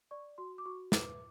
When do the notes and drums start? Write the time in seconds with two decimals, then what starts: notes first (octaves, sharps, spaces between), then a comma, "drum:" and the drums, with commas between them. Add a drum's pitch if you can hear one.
0.11 D5 C#6
0.38 F#4 C6
0.58 D6
0.66 F#4 C#6
0.92 B4 D6, drum: snare